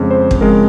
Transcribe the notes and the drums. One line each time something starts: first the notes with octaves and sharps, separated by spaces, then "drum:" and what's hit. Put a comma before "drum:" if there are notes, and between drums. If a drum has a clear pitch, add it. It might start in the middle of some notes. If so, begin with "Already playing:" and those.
Already playing: F2 C#3 G#3
C5
drum: kick
F2 C#3 G#3 A#4